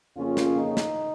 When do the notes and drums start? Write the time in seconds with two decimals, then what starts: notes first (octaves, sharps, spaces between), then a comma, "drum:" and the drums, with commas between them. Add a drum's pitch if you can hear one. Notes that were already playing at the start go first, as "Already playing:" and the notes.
0.17 F2 C#3 A#3 C#4 F4
0.37 drum: snare
0.57 D#4
0.77 drum: snare